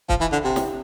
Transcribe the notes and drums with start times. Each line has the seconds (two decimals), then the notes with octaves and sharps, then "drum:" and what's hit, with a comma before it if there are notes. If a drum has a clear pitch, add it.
0.09 F3, drum: kick
0.21 E3
0.32 D3
0.44 C3
0.56 drum: snare